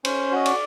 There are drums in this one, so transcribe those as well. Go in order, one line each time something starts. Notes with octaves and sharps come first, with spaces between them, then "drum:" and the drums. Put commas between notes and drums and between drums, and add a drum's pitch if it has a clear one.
C#4 C5, drum: cymbal
F#4 D#5
D5, drum: cymbal